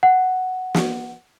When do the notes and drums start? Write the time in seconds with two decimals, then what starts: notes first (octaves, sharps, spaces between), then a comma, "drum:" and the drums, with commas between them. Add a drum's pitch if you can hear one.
0.03 F#5
0.74 drum: snare